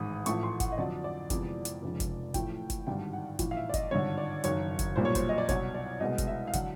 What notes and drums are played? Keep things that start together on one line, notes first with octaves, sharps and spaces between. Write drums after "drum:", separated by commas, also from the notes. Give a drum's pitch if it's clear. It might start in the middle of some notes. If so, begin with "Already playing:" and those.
Already playing: A1 G#2 D#3 G#3 B5 D#6
A1 A2 F3 A3 C#6, drum: hi-hat
C6
F#5, drum: kick, hi-hat
D#5
F2 D3 F#3 D5
D5
F2 C3 E3 G#3 B3, drum: kick, hi-hat
drum: hi-hat
F1 F2 C#3 F3 G#3
drum: kick, hi-hat
A1 A2 F3 A3 G5, drum: kick, hi-hat
drum: kick, hi-hat
G#1 G2 D3 G3 G5
F#5
A#1 A2 E3, drum: kick, hi-hat
F5
E5
D5
D#5, drum: kick, hi-hat
G#1 G2 D3 C#5
D5
F#1 F#2 D#3 C#5, drum: hi-hat
drum: kick, hi-hat
B1 A#2 G3 A#3 C5
C#5
C5, drum: kick, hi-hat
D#5
D5
C2 B2 F#3 C#5, drum: kick, hi-hat
D5
C2 B2 G#3 B3 D#5
drum: kick, hi-hat
E5
F5
D3 F#3 F#5, drum: kick, hi-hat